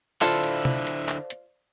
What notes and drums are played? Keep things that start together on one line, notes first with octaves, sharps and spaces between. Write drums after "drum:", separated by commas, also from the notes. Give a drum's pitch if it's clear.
D3 E4 F4 A4 C5 D5 F5, drum: clap
drum: hi-hat
drum: tom C3
drum: hi-hat
drum: clap
drum: hi-hat